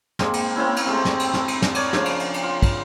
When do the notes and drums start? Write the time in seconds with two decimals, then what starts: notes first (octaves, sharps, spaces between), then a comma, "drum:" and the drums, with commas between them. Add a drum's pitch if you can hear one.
0.19 G#3 A#3 C4, drum: snare
0.33 drum: cymbal
0.56 A#3 C4 C#4 E4
0.76 drum: cymbal
0.86 C3 G#3 A3 C4
1.05 drum: snare
1.19 drum: cymbal
1.34 drum: snare
1.48 drum: cymbal
1.62 drum: snare
1.75 A#4 C#5 D5, drum: cymbal
1.93 C#3 F3 D4, drum: snare
2.05 drum: cymbal
2.20 drum: cymbal
2.34 drum: cymbal
2.43 F4
2.63 drum: kick, cymbal